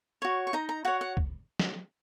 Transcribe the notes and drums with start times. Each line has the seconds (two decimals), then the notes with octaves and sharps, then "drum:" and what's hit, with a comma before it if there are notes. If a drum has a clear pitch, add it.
0.22 F#4 C#5
0.47 C#6
0.53 D#4 A#5
0.69 A#5
0.85 F#4 C#5 F#5
1.01 F#5
1.17 drum: kick
1.60 drum: snare